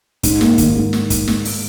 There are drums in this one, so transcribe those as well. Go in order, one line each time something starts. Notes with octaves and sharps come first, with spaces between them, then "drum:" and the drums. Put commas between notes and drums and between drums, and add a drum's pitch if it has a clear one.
G#2, drum: kick, hi-hat
A#3, drum: snare
D#3, drum: kick, hi-hat
G#2
drum: snare
drum: kick, hi-hat
drum: snare
drum: open hi-hat